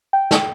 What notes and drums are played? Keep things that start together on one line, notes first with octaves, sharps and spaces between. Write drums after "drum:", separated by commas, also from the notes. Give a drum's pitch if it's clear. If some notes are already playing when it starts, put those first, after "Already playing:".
G5
drum: snare